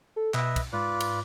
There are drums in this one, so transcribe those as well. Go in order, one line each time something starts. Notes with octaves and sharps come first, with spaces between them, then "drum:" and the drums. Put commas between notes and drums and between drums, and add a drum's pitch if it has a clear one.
A4
B2 B4 D#5 E5, drum: clap
drum: kick, cymbal
G#2 F4 B4 D5
drum: cymbal